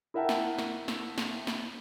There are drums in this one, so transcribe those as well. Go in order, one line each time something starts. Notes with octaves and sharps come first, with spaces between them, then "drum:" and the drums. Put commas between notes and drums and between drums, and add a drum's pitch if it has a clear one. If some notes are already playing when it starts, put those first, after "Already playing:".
E4 A#4 E5 F#5 G5 A5
drum: snare
drum: snare
drum: snare
drum: snare
drum: snare